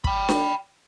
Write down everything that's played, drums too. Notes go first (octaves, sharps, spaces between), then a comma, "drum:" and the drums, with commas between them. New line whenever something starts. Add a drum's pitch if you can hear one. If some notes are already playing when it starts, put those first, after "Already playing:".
G5 B5, drum: kick
drum: snare D4